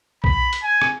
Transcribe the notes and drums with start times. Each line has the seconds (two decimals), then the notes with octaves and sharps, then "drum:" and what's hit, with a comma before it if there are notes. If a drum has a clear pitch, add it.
0.24 B5, drum: kick B1
0.53 drum: hi-hat
0.63 G#5
0.82 drum: rim click